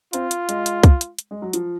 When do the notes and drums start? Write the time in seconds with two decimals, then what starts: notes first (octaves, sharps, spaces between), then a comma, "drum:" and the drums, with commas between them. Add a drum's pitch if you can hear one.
0.13 C4 F4, drum: hi-hat
0.31 drum: hi-hat
0.49 G#3, drum: hi-hat
0.66 drum: hi-hat
0.83 drum: kick C2, hi-hat
1.01 drum: hi-hat
1.19 drum: hi-hat
1.31 G#3
1.42 F#3
1.53 F3, drum: hi-hat